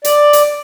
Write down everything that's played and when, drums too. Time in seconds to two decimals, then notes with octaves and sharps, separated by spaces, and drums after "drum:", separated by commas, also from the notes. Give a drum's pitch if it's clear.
0.05 D5, drum: hi-hat
0.33 drum: hi-hat